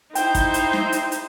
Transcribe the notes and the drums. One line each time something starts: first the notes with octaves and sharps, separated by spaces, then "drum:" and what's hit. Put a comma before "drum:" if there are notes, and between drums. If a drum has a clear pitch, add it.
D#4 E4 C5 G5 G6, drum: hi-hat
drum: kick, hi-hat
drum: hi-hat
drum: snare
drum: hi-hat
drum: hi-hat